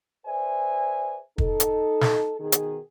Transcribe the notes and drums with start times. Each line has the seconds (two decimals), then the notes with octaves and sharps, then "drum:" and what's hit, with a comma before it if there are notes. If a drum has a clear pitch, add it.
0.26 G#4 B4 C5 D5 E5 G#5
1.38 D#4 A4, drum: kick
1.60 drum: hi-hat
2.01 drum: snare
2.40 B2 D#3 G#4
2.52 drum: hi-hat